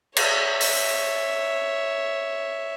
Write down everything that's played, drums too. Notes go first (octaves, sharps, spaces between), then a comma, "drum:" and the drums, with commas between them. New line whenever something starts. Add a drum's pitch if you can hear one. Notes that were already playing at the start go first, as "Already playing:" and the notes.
C#5 E5, drum: cymbal
drum: open hi-hat